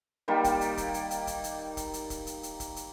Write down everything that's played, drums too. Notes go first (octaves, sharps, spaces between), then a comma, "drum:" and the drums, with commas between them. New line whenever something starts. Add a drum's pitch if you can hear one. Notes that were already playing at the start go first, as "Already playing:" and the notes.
D#3 G3 A#3 D5
drum: kick C#1, hi-hat
drum: hi-hat
drum: kick C#1, hi-hat
drum: hi-hat
drum: hi-hat
drum: kick C#1, hi-hat
drum: hi-hat
drum: kick C#1, hi-hat
drum: hi-hat
drum: kick C#1, hi-hat
drum: hi-hat
drum: hi-hat
drum: kick C#1, hi-hat
drum: hi-hat